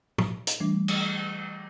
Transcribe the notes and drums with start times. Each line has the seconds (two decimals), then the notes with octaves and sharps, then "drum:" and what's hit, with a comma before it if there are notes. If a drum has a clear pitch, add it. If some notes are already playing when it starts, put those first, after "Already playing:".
0.18 drum: tom
0.47 drum: hi-hat
0.60 E3 G3 A3 D4
0.88 drum: cymbal